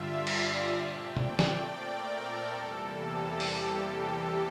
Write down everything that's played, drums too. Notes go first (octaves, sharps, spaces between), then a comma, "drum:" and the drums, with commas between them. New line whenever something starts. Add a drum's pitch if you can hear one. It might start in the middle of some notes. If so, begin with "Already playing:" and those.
Already playing: G2 D3 G3 F4 D5 E5
F5, drum: cymbal
A#2 A3 C4 G5
D5, drum: tom
drum: snare
A#4
A4
E2 C3 E3 G3 A#3 A4
G4
A4, drum: open hi-hat